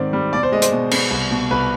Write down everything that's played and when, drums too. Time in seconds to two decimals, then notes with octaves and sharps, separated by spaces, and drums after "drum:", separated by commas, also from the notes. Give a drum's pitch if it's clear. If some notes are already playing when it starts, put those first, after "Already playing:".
Already playing: G#2 D#3 C4 D5
0.13 G3
0.33 B2 D5
0.43 C5
0.52 G#3 D#5
0.62 C5, drum: hi-hat
0.72 B2
0.91 B3, drum: cymbal
1.11 C2
1.31 B2
1.51 C2 B4